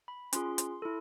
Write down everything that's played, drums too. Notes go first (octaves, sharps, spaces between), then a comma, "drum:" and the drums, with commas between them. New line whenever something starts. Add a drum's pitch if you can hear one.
B5
C#4 F4 G#4 C6, drum: hi-hat
drum: hi-hat
E4 A4